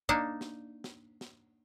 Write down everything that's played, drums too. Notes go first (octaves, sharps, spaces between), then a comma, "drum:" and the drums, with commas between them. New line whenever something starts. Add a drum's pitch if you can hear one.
A#3 D4 D#4, drum: kick
drum: snare
drum: snare
drum: snare